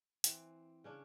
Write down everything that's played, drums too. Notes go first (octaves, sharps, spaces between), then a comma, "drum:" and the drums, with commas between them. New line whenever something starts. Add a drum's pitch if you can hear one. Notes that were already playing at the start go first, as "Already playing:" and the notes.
E3 C4, drum: hi-hat
C#3 C#4 D4